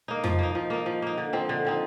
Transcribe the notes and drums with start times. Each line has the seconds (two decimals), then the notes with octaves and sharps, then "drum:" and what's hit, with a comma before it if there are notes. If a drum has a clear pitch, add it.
0.08 A#3 D#4
0.24 F3, drum: tom F2
0.39 A#3 D#4
0.55 F3
0.70 A#3 D#4
0.86 F3
1.02 A#3 D#4
1.18 D3
1.33 F3 C4 D#4
1.49 D3
1.65 F3 C4 D#4